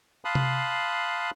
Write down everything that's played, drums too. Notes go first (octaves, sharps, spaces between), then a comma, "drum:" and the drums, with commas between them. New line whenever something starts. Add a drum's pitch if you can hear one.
F5 A5 B5 C6 D#6 F#6
drum: tom C3